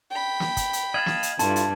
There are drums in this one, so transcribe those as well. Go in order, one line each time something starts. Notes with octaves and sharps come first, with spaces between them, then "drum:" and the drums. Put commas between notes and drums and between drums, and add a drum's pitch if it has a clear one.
G5 B5
drum: snare
drum: kick, hi-hat
drum: hi-hat
D#5 F5 A5 G#6 F#7
drum: snare
drum: hi-hat
G2 E4 F4 A4 A5, drum: hi-hat
drum: hi-hat